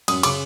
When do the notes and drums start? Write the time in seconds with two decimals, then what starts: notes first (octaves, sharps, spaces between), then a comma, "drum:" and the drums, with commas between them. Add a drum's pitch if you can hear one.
0.08 F#2 D#6, drum: cymbal
0.23 C#3 D6, drum: cymbal